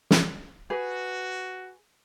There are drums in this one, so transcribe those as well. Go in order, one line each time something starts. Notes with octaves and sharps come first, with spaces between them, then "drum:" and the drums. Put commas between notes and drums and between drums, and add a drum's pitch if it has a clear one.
drum: snare
F#4 G#4 B4